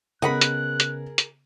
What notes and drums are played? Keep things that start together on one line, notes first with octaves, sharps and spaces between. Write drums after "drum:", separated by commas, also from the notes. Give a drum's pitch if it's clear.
C#3 B3 G#4 A#4 D#5 F#5 B5 F#6
drum: hi-hat
drum: hi-hat
drum: hi-hat